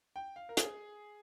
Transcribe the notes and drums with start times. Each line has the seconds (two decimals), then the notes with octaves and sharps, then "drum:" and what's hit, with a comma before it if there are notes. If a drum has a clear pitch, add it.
0.16 G5
0.36 F5
0.49 A#4
0.57 G#4, drum: hi-hat